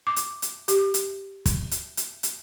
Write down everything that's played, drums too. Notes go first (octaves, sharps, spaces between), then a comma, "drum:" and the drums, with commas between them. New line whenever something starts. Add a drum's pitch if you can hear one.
D6
drum: hi-hat
drum: hi-hat
G4, drum: hi-hat
drum: hi-hat
drum: kick, hi-hat
drum: hi-hat
drum: hi-hat
drum: hi-hat